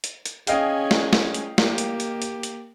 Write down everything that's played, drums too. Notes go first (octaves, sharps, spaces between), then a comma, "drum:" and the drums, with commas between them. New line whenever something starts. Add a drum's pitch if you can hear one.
drum: hi-hat
drum: hi-hat
C#4 G#4 D#5 F5 G5, drum: hi-hat
drum: snare
drum: snare
drum: hi-hat
A#3 G4, drum: snare
drum: hi-hat
drum: hi-hat
drum: hi-hat
drum: hi-hat